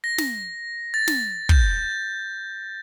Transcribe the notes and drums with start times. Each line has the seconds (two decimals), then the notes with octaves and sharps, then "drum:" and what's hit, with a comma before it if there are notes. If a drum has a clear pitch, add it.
0.04 A#6
0.18 drum: snare
0.94 A6
1.08 drum: snare
1.49 G6, drum: kick